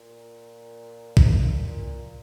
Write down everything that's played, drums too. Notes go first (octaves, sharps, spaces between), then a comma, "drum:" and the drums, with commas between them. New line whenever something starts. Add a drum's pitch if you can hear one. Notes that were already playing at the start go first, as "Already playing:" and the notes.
Already playing: A#2
drum: kick
A#2